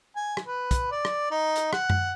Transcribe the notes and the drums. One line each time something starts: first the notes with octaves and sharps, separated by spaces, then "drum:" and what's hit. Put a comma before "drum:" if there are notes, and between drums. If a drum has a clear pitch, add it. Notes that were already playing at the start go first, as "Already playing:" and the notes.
G#5
drum: rim click
B4
drum: kick, hi-hat
D5
drum: rim click
D#4
drum: hi-hat
F#5, drum: rim click
drum: tom F#2